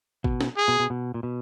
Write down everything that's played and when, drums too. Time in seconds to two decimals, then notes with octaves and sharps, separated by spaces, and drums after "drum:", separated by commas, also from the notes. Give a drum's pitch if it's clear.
0.24 B2, drum: kick G#1
0.41 drum: snare
0.57 G#4
0.68 B2
0.80 B2
0.90 B2
1.14 A#2
1.23 B2